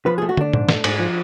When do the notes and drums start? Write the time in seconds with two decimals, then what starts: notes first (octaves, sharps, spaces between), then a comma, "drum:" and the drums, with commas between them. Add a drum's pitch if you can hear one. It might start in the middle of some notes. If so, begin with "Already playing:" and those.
0.06 F3 B4
0.18 A3 G#4
0.29 F#4
0.37 A3 D4, drum: tom
0.53 G#2, drum: tom A#2
0.69 A3, drum: snare
0.84 G#2, drum: cymbal
0.99 F3